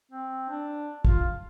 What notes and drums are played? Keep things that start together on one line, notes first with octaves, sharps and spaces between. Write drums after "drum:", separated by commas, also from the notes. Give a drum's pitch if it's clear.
C4
D4
F4, drum: kick